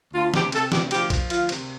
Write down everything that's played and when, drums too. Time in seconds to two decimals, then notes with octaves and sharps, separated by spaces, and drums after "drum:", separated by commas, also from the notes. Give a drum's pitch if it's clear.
0.14 D2 F4
0.34 C3 G4, drum: snare
0.52 C3 A4, drum: cymbal
0.72 D2 G4, drum: snare
0.91 F3 G4, drum: cymbal
1.10 F3, drum: kick A#1, cymbal
1.30 D2 F4, drum: cymbal
1.49 C3, drum: cymbal